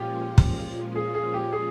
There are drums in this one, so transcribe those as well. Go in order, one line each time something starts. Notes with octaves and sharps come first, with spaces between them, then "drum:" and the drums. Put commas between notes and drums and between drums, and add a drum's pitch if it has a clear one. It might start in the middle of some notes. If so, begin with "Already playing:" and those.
Already playing: A#2 F3 G#3 C#4 F4 G4
drum: kick
G#4
G#4
G4
G#4